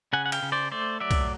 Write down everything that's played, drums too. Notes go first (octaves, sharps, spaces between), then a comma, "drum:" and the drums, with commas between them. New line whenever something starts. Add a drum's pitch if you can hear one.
C#3 F#5 G#5
F#5
F5 G5, drum: cymbal
C#3
C5 D5
A3 C5 D5
F#3 D5 E5
drum: kick, cymbal